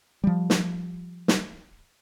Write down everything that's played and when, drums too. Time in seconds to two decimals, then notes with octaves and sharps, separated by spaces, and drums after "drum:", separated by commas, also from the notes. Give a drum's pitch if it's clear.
0.24 F3 G3
0.50 drum: snare
1.28 drum: snare